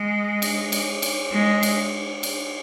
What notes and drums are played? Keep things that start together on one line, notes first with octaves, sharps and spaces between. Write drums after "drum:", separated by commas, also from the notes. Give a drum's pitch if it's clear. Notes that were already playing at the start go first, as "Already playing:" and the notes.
Already playing: G#3
drum: cymbal
drum: cymbal
drum: cymbal
G#3
drum: cymbal
drum: cymbal